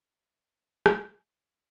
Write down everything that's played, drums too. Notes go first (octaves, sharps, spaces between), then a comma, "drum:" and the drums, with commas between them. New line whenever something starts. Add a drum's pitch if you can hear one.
C5 C#5 D#5 E5 A5
drum: rim click